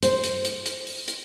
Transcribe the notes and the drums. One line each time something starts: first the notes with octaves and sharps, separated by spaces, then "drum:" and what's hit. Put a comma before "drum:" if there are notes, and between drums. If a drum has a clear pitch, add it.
C5, drum: hi-hat
drum: hi-hat
drum: hi-hat
drum: hi-hat
drum: open hi-hat
drum: hi-hat